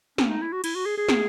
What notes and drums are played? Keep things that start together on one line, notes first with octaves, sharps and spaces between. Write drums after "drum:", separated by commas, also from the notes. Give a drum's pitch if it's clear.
C#4, drum: snare
D#4
E4
F#4
E4, drum: cymbal
F#4
G#4
G#4
drum: snare